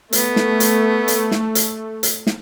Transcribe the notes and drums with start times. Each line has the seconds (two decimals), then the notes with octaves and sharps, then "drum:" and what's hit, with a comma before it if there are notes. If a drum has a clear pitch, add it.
0.13 A3 B3, drum: hi-hat
0.36 drum: snare
0.60 drum: hi-hat
1.08 drum: hi-hat
1.31 drum: snare
1.55 drum: hi-hat
2.03 drum: hi-hat
2.27 drum: snare